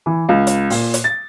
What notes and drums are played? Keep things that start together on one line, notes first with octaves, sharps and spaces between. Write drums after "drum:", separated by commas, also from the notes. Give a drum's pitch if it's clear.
E3
C#2
drum: hi-hat
A#2, drum: open hi-hat
drum: hi-hat
A6